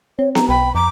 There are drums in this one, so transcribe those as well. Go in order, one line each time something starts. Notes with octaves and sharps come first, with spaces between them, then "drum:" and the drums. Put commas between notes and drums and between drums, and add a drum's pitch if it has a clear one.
C4 C#5
A#5, drum: snare B3
B1 G5 B5
F2 A#5 D6